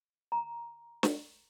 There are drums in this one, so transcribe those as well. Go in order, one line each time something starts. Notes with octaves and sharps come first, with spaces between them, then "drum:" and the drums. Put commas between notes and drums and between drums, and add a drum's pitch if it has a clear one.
A#5
drum: snare